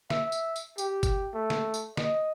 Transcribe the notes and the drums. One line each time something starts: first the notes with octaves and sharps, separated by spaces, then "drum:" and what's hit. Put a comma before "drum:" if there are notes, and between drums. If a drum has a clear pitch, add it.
E5, drum: snare
drum: tambourine
drum: tambourine
G4, drum: tambourine
drum: kick, tambourine
A3
drum: snare
drum: tambourine
D#5, drum: snare